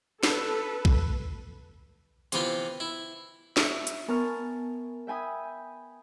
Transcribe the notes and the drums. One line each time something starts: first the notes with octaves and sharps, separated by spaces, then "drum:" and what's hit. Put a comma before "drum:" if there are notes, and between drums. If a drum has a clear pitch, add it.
A4 B4, drum: snare
drum: kick A#1
C3 E3 B3 F4 G5 B5, drum: hi-hat
E4
E5, drum: snare
drum: hi-hat
B3 A#4 G#5 A5 C#6 F6
E5 G5 G#5 B5 D#6